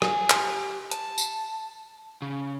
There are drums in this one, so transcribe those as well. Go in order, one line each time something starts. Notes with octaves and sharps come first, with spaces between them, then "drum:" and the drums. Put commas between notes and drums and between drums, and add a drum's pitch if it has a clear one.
G4 G#5, drum: rim click
drum: clap
A5, drum: hi-hat
drum: tambourine
C#3